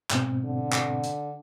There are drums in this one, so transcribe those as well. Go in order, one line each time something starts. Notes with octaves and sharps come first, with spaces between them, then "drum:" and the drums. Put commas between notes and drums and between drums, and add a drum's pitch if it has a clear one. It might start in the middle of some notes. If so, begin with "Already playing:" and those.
G#2 B2 C4, drum: clap
D3
drum: clap
drum: hi-hat